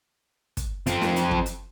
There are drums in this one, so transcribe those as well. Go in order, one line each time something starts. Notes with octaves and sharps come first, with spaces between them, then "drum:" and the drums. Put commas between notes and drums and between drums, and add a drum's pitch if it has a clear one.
drum: kick, hi-hat
F2 C4, drum: hi-hat
drum: snare
drum: hi-hat
drum: kick
drum: hi-hat